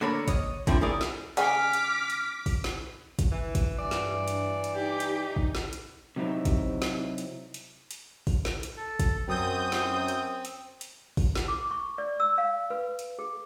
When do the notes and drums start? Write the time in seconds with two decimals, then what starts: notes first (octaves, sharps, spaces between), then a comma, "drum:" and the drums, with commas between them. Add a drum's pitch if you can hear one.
0.01 D3 A#3 A4 A#4 C#5 B5
0.28 C#5 D#5, drum: kick, hi-hat
0.67 D3 F3 C4 E4, drum: kick, hi-hat
0.81 C#4 E4 G#4 A#4 D5
1.01 drum: snare
1.37 C#3 G#4 G#5 D6 F6 B6, drum: hi-hat
1.73 drum: hi-hat
2.10 drum: hi-hat
2.46 drum: kick, open hi-hat
2.64 drum: snare
3.19 drum: kick, hi-hat
3.32 E3
3.55 drum: kick, hi-hat
3.79 G2 E3 D5
3.91 drum: snare
4.28 drum: hi-hat
4.64 drum: hi-hat
4.74 D#4 G4
5.00 drum: hi-hat
5.36 drum: kick
5.55 drum: snare
5.73 drum: hi-hat
6.16 C3 F#3 C4 D#4 E4
6.45 drum: kick, hi-hat
6.82 drum: snare
7.18 drum: hi-hat
7.54 drum: hi-hat
7.91 drum: hi-hat
8.27 drum: kick, open hi-hat
8.45 drum: snare
8.63 drum: hi-hat
8.77 A4
9.00 drum: kick, hi-hat
9.28 F#2 C4 D#6 G6
9.72 drum: snare
10.08 drum: hi-hat
10.45 drum: hi-hat
10.81 drum: hi-hat
11.17 drum: kick, open hi-hat
11.35 drum: snare
11.48 D6
11.71 C#6
11.98 D5
12.20 E6
12.38 F5
12.70 B4
12.99 drum: hi-hat
13.19 G#4